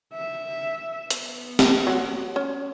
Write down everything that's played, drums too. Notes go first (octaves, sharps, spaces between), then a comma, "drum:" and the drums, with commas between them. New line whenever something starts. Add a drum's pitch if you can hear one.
E5
B3, drum: hi-hat
drum: snare
F#3 F#5
C#4